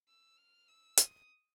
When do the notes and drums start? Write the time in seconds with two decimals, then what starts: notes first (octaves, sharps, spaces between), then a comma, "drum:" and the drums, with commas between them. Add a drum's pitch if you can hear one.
0.08 E6
0.38 F6
0.68 E6
0.97 D#6, drum: hi-hat